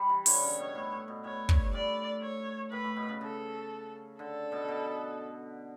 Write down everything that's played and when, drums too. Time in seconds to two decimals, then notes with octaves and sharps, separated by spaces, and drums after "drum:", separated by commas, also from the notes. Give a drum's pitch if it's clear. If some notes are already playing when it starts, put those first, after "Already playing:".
Already playing: G3
0.09 E3
0.26 D3 C#5, drum: open hi-hat
0.42 C#3
0.59 B2
0.75 A2
0.92 A2
1.08 B2
1.24 A2 C#5
1.49 G2, drum: kick
1.73 A2 D5
2.22 C#5
2.71 A2 B4
2.84 A2
2.96 B2
3.09 C#3
3.21 C#3 A4
4.19 D3 A4
4.52 B2
4.68 B2